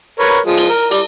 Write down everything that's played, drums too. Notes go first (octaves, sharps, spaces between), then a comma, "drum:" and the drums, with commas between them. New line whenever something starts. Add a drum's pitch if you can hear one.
A#4 B4 C#5
F3 G#3
drum: cymbal
A#4
G3 D5, drum: cymbal